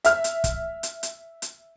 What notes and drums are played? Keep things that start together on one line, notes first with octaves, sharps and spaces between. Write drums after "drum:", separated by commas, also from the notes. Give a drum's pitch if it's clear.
E5 F6, drum: hi-hat
drum: hi-hat
drum: kick, hi-hat
drum: hi-hat
drum: hi-hat
drum: hi-hat